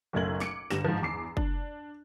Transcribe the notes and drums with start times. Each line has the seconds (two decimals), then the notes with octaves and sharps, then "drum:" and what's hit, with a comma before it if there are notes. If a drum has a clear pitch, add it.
0.13 F#1 B1 A3 A#4 G#6 F#7
0.40 D6 C#7 D7, drum: snare
0.70 G1 G3 A#6 E7, drum: snare
0.84 G#2 F3
1.02 E2 D6 C7
1.37 D4, drum: kick F#1